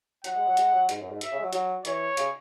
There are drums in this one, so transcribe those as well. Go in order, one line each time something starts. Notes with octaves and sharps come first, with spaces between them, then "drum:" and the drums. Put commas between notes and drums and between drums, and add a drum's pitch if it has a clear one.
F#3 F#5, drum: hi-hat
G#3
F#3
G#3, drum: hi-hat
F#3
G#2, drum: hi-hat
F#2
G#2
E5, drum: hi-hat
C#3
G#3
F#3
F#3, drum: hi-hat
E3 C#5, drum: hi-hat
C#3, drum: hi-hat